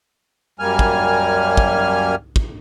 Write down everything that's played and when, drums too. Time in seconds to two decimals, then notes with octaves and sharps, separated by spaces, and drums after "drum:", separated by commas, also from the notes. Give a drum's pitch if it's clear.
0.60 F#2 G3 A#3 G#5 F6
0.79 drum: kick
1.57 drum: kick
2.36 drum: kick